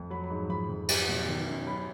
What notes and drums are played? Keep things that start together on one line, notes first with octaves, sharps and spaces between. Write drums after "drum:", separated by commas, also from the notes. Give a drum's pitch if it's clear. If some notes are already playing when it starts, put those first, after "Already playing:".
Already playing: F2
F#3 B5
B5
G#2
F3 B5
F2
F#3, drum: cymbal
B2
D#3
F#2
F#3 B5